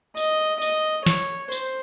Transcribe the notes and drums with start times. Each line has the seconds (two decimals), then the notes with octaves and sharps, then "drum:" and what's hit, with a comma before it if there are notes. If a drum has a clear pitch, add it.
0.17 D#5, drum: tambourine
0.62 D#5, drum: tambourine
1.06 C#5, drum: snare
1.52 C5, drum: tambourine